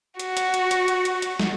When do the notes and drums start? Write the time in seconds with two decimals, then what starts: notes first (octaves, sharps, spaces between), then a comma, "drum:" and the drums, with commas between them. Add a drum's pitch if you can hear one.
0.20 F#4, drum: hi-hat
0.37 drum: hi-hat
0.54 drum: hi-hat
0.71 drum: hi-hat
0.88 drum: hi-hat
1.05 drum: hi-hat
1.22 drum: hi-hat
1.39 drum: snare